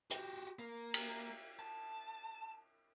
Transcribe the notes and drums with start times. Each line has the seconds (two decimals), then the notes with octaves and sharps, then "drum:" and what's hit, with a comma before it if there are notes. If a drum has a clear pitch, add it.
0.11 F#4 G4, drum: hi-hat
0.59 A#3
0.94 drum: cymbal
1.59 A5